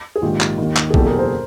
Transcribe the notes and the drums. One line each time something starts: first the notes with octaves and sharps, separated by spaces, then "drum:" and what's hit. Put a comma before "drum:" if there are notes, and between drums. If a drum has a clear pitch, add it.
G#4
A#1 G#2 D#3 F4 G4
drum: clap
D#2 D#3
drum: clap
G#4
F#1 E2 B2 G4 A4, drum: kick
G#4 A#4
A#4 C5